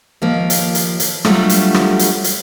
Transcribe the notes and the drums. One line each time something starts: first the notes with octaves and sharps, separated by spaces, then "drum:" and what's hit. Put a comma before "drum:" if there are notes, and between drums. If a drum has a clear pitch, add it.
D#2 F3 A#3
drum: hi-hat
drum: hi-hat
drum: hi-hat
F#3 G3 A3 D4 F4 F#4, drum: rim click
drum: hi-hat
drum: rim click
drum: hi-hat
drum: hi-hat